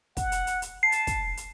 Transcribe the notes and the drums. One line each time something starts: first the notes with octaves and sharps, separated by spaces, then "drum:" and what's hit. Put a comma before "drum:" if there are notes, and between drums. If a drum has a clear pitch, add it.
F#5, drum: kick, hi-hat
drum: hi-hat
drum: hi-hat
drum: hi-hat
A5 C7
drum: hi-hat
drum: kick, hi-hat
drum: hi-hat